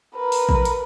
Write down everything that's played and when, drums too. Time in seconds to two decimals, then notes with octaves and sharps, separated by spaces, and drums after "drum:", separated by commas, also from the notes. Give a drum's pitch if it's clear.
0.15 A#4 B4
0.32 drum: open hi-hat
0.49 drum: kick
0.65 drum: hi-hat